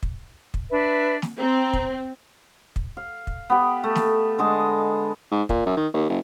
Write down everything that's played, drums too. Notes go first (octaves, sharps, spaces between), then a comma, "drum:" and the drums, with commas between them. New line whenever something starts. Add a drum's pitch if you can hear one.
drum: kick
drum: kick
D4 B4 E5
drum: snare
C4 A#5
drum: kick
drum: kick
F5
drum: kick
B3 G4
A3
drum: snare
D3 G#3 D#5 A5
G#2
A#2, drum: kick
F#2
D#3
D#2
F#1